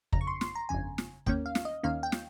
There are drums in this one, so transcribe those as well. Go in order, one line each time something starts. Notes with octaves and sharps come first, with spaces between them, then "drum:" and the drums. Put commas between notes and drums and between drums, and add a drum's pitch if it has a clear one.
G1 F2 C#3 A#5, drum: kick
C#6
C6
C6, drum: snare
A#5
G1 F2 C#3 G#5
drum: snare
D#2 D#3 A#3 C#4 G5, drum: kick
F5
drum: snare
D#5
D#2 D#3 A#3 C#4 F5
G5
drum: snare